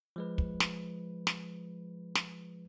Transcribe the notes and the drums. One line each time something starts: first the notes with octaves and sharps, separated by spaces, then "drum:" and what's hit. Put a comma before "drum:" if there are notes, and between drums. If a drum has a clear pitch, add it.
F3 G#3 B4
drum: kick
drum: snare
drum: snare
drum: snare